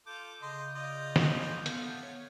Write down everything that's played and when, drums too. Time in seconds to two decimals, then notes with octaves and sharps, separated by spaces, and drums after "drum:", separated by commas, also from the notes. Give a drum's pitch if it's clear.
0.06 F4 A4 D6 G6
0.42 C#3 D#5 C6
0.75 F4 D5 D#5
1.16 drum: snare
1.26 C#4 B5
1.66 A3 B3 F5, drum: hi-hat
2.03 C#5